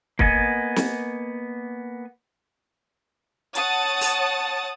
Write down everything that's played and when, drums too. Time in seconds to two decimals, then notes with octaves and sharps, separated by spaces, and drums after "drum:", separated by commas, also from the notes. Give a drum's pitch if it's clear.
0.19 A#3 B3 D#5 G#5, drum: kick
0.76 drum: snare
3.55 C#5 F#5 A5 D#6 A6, drum: hi-hat
4.01 drum: open hi-hat